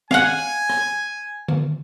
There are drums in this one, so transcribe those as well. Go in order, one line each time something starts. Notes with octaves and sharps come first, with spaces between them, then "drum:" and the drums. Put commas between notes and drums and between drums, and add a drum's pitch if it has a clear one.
F5 F#5 G#5, drum: snare
drum: rim click
drum: tom D3